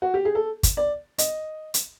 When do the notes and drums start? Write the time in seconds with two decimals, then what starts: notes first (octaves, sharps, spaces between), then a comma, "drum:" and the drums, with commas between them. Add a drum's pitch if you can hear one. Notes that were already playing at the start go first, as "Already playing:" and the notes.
0.02 F#4
0.14 G4
0.25 G#4
0.35 A4
0.63 drum: kick, hi-hat
0.77 D5
1.18 D#5, drum: hi-hat
1.74 drum: hi-hat